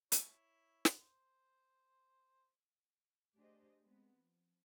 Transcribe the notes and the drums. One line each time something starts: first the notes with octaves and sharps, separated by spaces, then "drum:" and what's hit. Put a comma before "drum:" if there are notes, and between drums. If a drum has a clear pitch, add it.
E4 C#5, drum: hi-hat
drum: snare
C5
A3 D4 G4 G#4 C5 D#5
G#3 B3 C4
F3